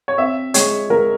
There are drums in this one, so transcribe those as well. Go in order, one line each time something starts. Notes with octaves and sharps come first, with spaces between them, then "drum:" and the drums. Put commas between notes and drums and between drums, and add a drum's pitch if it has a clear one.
C#5
C4 E5
G#3 C#5, drum: hi-hat
G#3 A#4